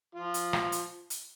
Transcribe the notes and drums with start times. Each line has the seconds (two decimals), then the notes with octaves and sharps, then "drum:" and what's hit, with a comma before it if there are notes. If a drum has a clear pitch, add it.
0.15 F3 F4
0.34 drum: hi-hat
0.53 drum: rim click
0.72 drum: hi-hat
1.10 drum: hi-hat